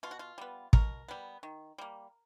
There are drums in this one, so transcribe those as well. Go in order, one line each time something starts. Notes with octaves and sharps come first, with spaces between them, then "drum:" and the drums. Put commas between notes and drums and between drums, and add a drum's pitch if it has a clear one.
B2 F4
F#4
F4
G3 B3
B2 A#4, drum: kick
G3 B3
D#3
G3 A#3